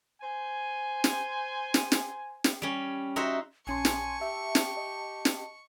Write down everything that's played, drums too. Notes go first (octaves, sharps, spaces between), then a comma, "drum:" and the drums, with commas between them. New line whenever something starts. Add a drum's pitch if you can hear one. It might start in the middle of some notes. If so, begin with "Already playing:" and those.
C5 G#5
drum: snare
drum: snare
drum: snare
drum: snare
G3 C#4
D#4 F#4 C5 E5
A#1 C#4 G#5 A5 C6 C#6
drum: snare
G4 E5
drum: snare
D#5
drum: snare